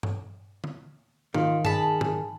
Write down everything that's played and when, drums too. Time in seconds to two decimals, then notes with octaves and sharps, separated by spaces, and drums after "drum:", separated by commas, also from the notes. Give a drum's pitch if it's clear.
0.03 drum: tom G2
0.64 drum: tom
1.34 D#3 F4, drum: tom
1.65 G#4 A5 B5, drum: tom G2
2.01 drum: tom